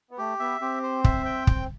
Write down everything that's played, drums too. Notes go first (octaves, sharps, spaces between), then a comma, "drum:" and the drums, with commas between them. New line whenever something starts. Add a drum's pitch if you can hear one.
B3
A3 G4
B3 E5
C4 G4
C5
E5, drum: kick
G5
drum: kick